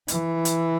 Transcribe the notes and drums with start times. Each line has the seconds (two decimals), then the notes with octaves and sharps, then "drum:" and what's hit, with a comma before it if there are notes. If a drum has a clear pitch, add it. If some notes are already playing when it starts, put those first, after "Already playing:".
0.08 E3, drum: hi-hat
0.45 drum: hi-hat